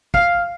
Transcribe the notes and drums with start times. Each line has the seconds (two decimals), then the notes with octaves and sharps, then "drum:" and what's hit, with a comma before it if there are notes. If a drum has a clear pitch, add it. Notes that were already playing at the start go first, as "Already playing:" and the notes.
0.14 F5, drum: kick